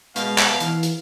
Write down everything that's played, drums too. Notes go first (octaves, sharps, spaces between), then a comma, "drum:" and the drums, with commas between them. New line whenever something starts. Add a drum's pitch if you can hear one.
B2 G#3 F5, drum: hi-hat
drum: clap
E3, drum: hi-hat
drum: hi-hat